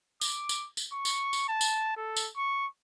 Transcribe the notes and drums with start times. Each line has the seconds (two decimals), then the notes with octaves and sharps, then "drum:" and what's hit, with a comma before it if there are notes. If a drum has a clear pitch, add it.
0.21 D6, drum: tambourine
0.49 drum: tambourine
0.77 drum: tambourine
0.93 C#6
1.05 drum: tambourine
1.33 drum: tambourine
1.49 A5
1.61 drum: tambourine
1.97 A4
2.17 drum: tambourine
2.37 C#6